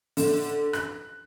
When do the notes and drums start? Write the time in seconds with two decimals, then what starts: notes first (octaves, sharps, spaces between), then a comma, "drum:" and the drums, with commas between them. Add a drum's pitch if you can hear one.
0.17 D3, drum: open hi-hat
0.73 F#6, drum: rim click